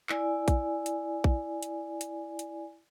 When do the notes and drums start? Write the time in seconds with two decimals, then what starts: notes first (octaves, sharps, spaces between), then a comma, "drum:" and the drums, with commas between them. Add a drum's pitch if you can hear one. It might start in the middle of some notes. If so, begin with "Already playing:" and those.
0.09 E4 D5 G#5, drum: clap
0.48 drum: kick A#1, hi-hat
0.86 drum: hi-hat
1.24 drum: kick A#1
1.63 drum: hi-hat
2.01 drum: hi-hat
2.39 drum: hi-hat